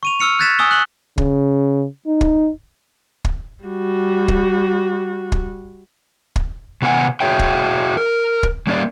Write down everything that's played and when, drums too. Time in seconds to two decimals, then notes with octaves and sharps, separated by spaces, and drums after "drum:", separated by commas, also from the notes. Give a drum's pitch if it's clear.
0.03 C#6 D#7 F7
0.20 C#6 E6 F6 C#7 F7
0.39 F#6 G#6 A6 B6 E7
0.59 G#5 D#6 E6 G7
0.71 F#6 F#7 G7
1.18 C#3, drum: kick
2.06 D#4
2.21 drum: kick
3.25 drum: kick
3.64 G3 F#4
4.28 drum: kick
5.32 drum: kick
6.36 drum: kick
6.82 C3 B3 F#4 B4 F#5 G#5
7.20 F#4 G#4 C#5 E5 G5
7.39 drum: kick
7.97 A#4
8.43 drum: kick
8.67 G3 A#3 C#4 G4 C5 D5